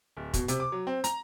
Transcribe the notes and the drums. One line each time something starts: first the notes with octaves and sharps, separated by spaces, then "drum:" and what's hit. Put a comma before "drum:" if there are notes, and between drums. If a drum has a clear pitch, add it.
D1
B2, drum: kick, hi-hat
C3, drum: hi-hat
D6
F#3
C4
A#5, drum: hi-hat